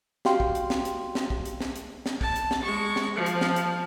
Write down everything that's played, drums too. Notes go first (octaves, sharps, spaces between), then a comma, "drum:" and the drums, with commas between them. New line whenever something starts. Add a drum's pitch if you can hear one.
F#4 G4 F5 G5 C6, drum: snare
drum: kick
drum: hi-hat
drum: snare
drum: hi-hat
drum: snare
drum: kick
drum: hi-hat
drum: snare
drum: hi-hat
drum: snare
A5, drum: kick
drum: hi-hat
drum: snare
G#3 C#6
drum: snare
F3
drum: hi-hat
drum: snare
drum: hi-hat